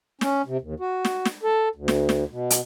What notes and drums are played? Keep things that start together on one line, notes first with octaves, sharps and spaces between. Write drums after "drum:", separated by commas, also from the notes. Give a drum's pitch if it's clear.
C#4, drum: snare
C3
D#2
F#4
drum: snare
drum: snare
A4
D2
drum: snare
drum: snare
B2
drum: hi-hat